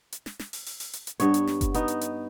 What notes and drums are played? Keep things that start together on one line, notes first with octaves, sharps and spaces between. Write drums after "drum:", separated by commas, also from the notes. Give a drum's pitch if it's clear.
drum: hi-hat
drum: snare
drum: snare
drum: open hi-hat
drum: open hi-hat
drum: open hi-hat
drum: hi-hat
drum: hi-hat
G2 B3 C#5, drum: hi-hat
drum: hi-hat
drum: snare
drum: kick F#1, hi-hat
B3 D#4, drum: hi-hat
drum: hi-hat
drum: hi-hat